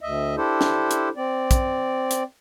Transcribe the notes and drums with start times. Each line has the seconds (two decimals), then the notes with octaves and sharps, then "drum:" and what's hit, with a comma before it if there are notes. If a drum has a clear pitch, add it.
0.01 D2 D#5 E5
0.37 D4 E4 G4 A4 C5
0.61 drum: snare
0.91 drum: hi-hat
1.16 C4 D5
1.51 drum: kick, hi-hat
2.11 drum: hi-hat